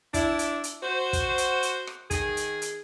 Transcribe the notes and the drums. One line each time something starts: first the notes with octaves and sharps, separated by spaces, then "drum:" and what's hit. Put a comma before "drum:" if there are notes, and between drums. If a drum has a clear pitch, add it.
D4 E4, drum: kick, hi-hat
drum: hi-hat
drum: hi-hat
F#4 C5
drum: kick, hi-hat
drum: hi-hat
drum: hi-hat
drum: rim click
D#3 G#4, drum: kick, hi-hat
drum: hi-hat
drum: hi-hat